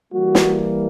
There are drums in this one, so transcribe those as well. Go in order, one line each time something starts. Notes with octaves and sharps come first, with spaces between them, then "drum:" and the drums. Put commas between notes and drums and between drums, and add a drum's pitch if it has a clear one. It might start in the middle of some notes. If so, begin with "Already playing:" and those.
E3 G3 A#3 F#4
drum: snare